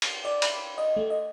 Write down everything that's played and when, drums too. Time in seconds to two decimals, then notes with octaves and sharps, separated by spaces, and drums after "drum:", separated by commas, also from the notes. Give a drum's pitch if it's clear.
0.02 drum: cymbal
0.25 D5
0.42 B5, drum: cymbal
0.78 D#5
0.97 A3
1.10 D#5